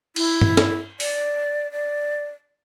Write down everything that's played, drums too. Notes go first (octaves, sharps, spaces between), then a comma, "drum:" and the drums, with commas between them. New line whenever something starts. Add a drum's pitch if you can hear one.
E4, drum: cymbal
drum: tom G2
drum: snare
D5, drum: open hi-hat
D5